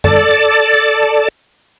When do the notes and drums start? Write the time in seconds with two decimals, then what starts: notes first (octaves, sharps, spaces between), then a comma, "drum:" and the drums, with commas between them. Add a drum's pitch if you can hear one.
0.04 A4 D5 A5, drum: tom